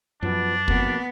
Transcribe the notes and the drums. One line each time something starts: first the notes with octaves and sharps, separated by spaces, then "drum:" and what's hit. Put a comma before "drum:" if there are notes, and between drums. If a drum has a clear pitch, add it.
F#2 F3 B3 D4
F2 B2 A#3 B3, drum: kick